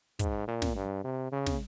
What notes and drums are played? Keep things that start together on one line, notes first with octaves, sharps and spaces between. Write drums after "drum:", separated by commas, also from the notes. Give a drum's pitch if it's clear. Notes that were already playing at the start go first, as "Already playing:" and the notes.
G#2, drum: kick, hi-hat
A#2
drum: snare
G2
C3
C#3
drum: snare